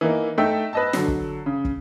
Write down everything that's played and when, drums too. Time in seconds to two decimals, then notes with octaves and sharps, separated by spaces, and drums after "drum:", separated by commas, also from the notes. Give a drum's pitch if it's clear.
0.01 E3 A#3 D#4
0.38 A3 D#4 E5 G5 E6
0.73 B4 D#5 A5
0.93 D3 F#3, drum: snare
1.08 drum: kick
1.46 C#3
1.65 drum: kick